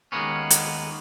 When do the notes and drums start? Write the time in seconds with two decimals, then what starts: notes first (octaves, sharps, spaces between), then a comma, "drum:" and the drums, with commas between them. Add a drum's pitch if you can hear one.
0.12 D#2 G#3 A#3 B3 C#4
0.50 drum: hi-hat